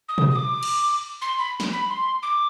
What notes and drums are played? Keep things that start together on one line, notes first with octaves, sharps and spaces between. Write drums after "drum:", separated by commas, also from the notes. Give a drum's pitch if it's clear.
D#6
drum: tom
D#6
D6
drum: cymbal
C6
B5
drum: snare
B5
C6
D6